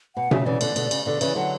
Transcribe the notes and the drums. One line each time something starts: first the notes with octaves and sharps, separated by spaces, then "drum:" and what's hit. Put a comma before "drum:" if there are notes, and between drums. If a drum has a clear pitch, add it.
B2 F#5
C#3 E5, drum: tom B2
C#3 E3 D5
B2 D3, drum: cymbal
B2 D3, drum: cymbal
C#3, drum: cymbal
B2 D3 D5
C#3 E3, drum: cymbal
D3 F#3 F#5